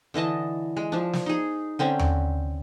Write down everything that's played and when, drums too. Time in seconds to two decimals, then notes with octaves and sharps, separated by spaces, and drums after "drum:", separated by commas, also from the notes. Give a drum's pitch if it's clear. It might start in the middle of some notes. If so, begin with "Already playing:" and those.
0.14 D3 E3 D#5 A5
0.77 G#3
0.92 F3 D4
1.13 drum: snare
1.26 D#4 G#4
1.79 D3 C4 C#4
1.99 drum: tom D#2